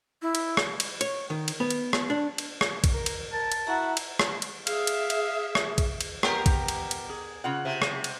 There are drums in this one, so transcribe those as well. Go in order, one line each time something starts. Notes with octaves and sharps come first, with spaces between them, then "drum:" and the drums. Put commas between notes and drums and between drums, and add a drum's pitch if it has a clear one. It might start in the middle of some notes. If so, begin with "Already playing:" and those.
E4
drum: cymbal
drum: rim click
drum: cymbal
C#5, drum: cymbal
D#3
drum: cymbal
B3
drum: cymbal
drum: rim click
D4
drum: cymbal
drum: rim click
drum: kick, cymbal
A#4
drum: cymbal
A#4 A5
drum: cymbal
E4 F#4 F#5 A#5
drum: cymbal
drum: rim click
drum: cymbal
G#4 E5 F5, drum: cymbal
drum: cymbal
drum: cymbal
drum: rim click
drum: kick, cymbal
drum: cymbal
B3 G4 A#4, drum: rim click
drum: kick, cymbal
drum: cymbal
drum: cymbal
G#4
C#3 F4 F#5
C3
drum: rim click
drum: cymbal